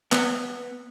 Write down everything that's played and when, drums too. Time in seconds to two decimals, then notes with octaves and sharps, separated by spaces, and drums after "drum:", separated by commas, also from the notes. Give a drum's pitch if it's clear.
0.12 B3, drum: clap